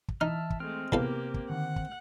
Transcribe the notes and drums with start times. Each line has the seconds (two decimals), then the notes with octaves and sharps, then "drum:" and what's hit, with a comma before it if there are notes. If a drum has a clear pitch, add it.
0.08 drum: kick
0.21 E3 D#4 E5 A5 F6
0.50 drum: kick
0.60 G#3 A3 C4 F6
0.92 E2 C3 A#3 G4 A4 F5, drum: kick
1.34 drum: kick
1.50 D3 D#3 F#5
1.76 drum: kick